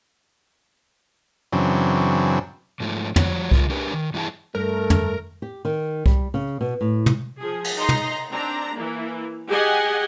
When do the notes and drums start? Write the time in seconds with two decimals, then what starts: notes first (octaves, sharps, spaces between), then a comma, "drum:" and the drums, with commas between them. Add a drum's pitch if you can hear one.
1.52 F#2 C#3 E3 F#3 C4 D4
2.80 G#2 F3 A3
3.16 F3 G3 F#4 C#5, drum: tom
3.52 C#3 G#3 F4 A#4, drum: kick C2
3.70 D4 G4 G#4 A#4 B4
3.93 D#3
4.14 G2 E3 E4 F#4 G#4 A5
4.55 G2 A3 A#4
4.90 drum: tom
5.42 G4
5.65 D#3
6.06 G3, drum: kick C2
6.34 C#3
6.61 B2
6.81 A2
7.06 drum: tom
7.39 F3 G#4
7.64 drum: cymbal
7.77 D#4 A#5 C6
7.89 drum: tom
8.32 C4 D4 A#5
8.74 E3 A#3
9.48 G4 G#4 D#5 F#5 G#5